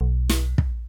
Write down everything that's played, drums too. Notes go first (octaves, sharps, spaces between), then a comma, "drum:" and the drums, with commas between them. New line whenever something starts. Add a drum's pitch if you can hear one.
B1
drum: snare
drum: kick